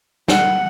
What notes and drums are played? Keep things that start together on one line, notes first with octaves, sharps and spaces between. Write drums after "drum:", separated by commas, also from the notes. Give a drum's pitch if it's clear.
F#5, drum: snare